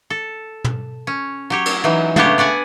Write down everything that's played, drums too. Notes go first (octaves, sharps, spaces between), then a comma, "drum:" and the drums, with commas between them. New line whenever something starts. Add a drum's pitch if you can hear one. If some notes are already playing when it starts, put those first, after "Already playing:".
A4
drum: tom
C#4
F#3 G4 C#5
drum: cymbal
E3 F#3 D#4
C#3 A3 B3 D4 G4 C#5, drum: tom
B4 D5 F#5 G#5